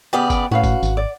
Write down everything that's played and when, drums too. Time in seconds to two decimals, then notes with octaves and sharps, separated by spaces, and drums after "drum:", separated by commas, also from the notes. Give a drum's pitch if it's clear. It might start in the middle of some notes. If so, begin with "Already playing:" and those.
0.13 C#3 B3 G4 D5
0.30 G5, drum: kick G1, tambourine
0.51 A2 C#4 F#4 B4 F5
0.64 drum: kick G1, tambourine
0.83 G#1, drum: tambourine
0.97 D5